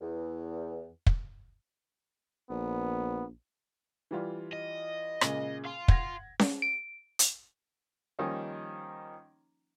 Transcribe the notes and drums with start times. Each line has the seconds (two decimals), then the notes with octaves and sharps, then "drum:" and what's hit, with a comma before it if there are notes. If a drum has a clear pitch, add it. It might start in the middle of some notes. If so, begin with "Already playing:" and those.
0.01 E2
1.06 drum: kick
2.50 A#1 B3
4.11 E3 G3 F4
4.53 D#5
5.21 A#2 C#3 G#3, drum: rim click
5.65 F5 C6
5.88 F#5 G#6 A#6, drum: kick
6.39 drum: snare C#4
6.62 D7
7.19 drum: hi-hat
8.19 D#3 F3 G3 A#3 C#4 D#4